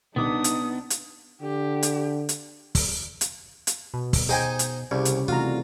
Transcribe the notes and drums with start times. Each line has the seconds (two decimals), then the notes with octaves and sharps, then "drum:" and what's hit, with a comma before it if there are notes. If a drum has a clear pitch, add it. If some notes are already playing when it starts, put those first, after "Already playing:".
0.16 C2 B3 D4 D#4 G4 D6 D#6
0.44 drum: hi-hat
0.90 drum: hi-hat
1.42 D3 G4
1.83 drum: hi-hat
2.29 drum: hi-hat
2.75 drum: kick, open hi-hat
3.21 drum: hi-hat
3.67 drum: hi-hat
3.94 B2
4.13 drum: kick, open hi-hat
4.29 D#4 G#4 C5 D#5 G5 G#5
4.59 drum: hi-hat
4.91 C2 C#3 G3
5.05 drum: hi-hat
5.28 C3 E3 A3 F4 F#4 A#5